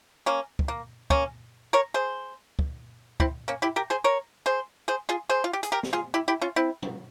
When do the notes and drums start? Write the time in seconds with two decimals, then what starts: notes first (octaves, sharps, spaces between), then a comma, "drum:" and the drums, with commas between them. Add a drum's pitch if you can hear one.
0.26 A#3 C#4
0.59 drum: kick
0.68 A#3
1.10 A#3 C#4, drum: kick
1.73 A#4 C#5
1.94 G#4 C5
2.59 drum: kick
3.20 C4 E4, drum: kick
3.48 A#3 C#4
3.62 E4 G4
3.76 G4 A#4
3.90 G#4 C5
4.04 A#4 C#5
4.46 G#4 C5
4.88 G#4 C5
5.09 F4 G#4
5.29 G#4 C5
5.44 F4
5.53 G4
5.63 G#4, drum: hi-hat
5.72 G4 A#4
5.83 drum: snare
5.93 F4 G#4
6.14 E4 G4
6.28 E4 G4
6.41 C#4 F4
6.56 C4 E4
6.82 drum: tom